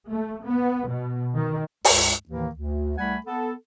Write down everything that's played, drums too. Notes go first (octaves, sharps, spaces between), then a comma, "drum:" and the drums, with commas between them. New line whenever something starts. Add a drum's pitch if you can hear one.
A3
B3
B2
D#3
C#2 G2 G#3, drum: open hi-hat
D#2 A2 D#3 E3 A#3
D2
C2 G3 A3 F#5 G#5 B5
B3 A4